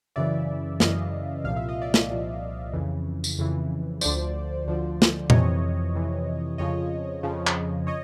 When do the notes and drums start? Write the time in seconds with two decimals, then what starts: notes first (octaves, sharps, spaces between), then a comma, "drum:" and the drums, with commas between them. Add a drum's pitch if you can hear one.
0.16 F#2 C#3 E3 D5 E5
0.80 F#2 C#3 E3 D#5 F5, drum: snare
1.44 C2 A#2 F3 F5
1.56 E5
1.69 D#5
1.82 D5 E5
1.94 drum: snare
2.09 C2 A#2 F3
2.73 F2 C#3 E3
3.24 drum: tambourine
3.38 F2 C#3 E3
4.01 D2 D3 F3 C5 D5, drum: tambourine
4.67 D2 D3 F3
5.02 drum: snare
5.30 F2 C3 E3 C#5 D#5, drum: tom A#2
5.95 F2 C3 E3
6.58 F2 C#3 F3 C#5 D#5
7.23 F2 C#3 F3
7.47 drum: clap
7.87 C#5 D#5